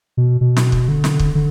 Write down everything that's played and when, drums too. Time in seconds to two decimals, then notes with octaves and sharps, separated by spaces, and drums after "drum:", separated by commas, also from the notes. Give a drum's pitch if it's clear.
0.17 B2
0.41 B2
0.56 drum: snare
0.72 drum: kick
0.88 D3
1.04 drum: snare
1.19 drum: kick
1.35 D3